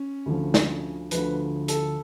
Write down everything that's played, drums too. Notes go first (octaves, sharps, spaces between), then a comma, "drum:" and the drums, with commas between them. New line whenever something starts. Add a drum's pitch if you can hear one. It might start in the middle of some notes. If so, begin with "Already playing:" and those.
Already playing: C#4
D2 D3 F3
drum: snare
D2 D3 F3 B4, drum: hi-hat
A4, drum: hi-hat